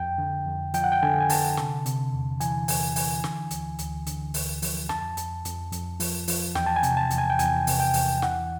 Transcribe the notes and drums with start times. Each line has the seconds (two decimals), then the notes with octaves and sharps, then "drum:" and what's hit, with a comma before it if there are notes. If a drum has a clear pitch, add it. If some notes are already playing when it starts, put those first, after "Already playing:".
Already playing: F2 G5
0.18 D3
0.46 F2
0.74 F3 G5, drum: hi-hat
0.84 F#5
0.92 G5
1.03 D3 G#5
1.21 G#5
1.30 D3 A5, drum: open hi-hat
1.57 C3, drum: snare
1.86 C3, drum: hi-hat
2.13 E2
2.40 E3 G#5, drum: hi-hat
2.68 E2 G#5, drum: open hi-hat
2.96 E3 G#5, drum: open hi-hat
3.24 D3, drum: snare
3.51 D2, drum: hi-hat
3.79 D2, drum: hi-hat
4.06 D3, drum: hi-hat
4.34 D2, drum: open hi-hat
4.62 F3, drum: open hi-hat
4.89 F2 A5, drum: snare
5.17 F2, drum: hi-hat
5.45 F2, drum: hi-hat
5.72 F2, drum: hi-hat
6.00 F3, drum: open hi-hat
6.28 F3, drum: open hi-hat
6.55 E2 G5, drum: snare
6.66 A5
6.76 G#5
6.83 C3, drum: hi-hat
6.97 A5
7.10 E2, drum: hi-hat
7.18 G#5
7.30 G5
7.39 E2 G#5, drum: hi-hat
7.67 C3, drum: open hi-hat
7.80 G5
7.94 E2, drum: open hi-hat
8.22 E3 F#5, drum: snare